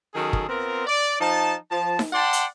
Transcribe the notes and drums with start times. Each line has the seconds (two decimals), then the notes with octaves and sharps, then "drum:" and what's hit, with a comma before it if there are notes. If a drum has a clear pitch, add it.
0.15 D#3 F#3 C#4 G#4 A4
0.33 drum: kick
0.49 B3 C4 F4 A#4
0.86 D5
1.21 F3 D#4 A5
1.71 F3 A5
1.99 drum: snare D#4
2.13 D5 F#5 G5 A5 C6
2.33 drum: hi-hat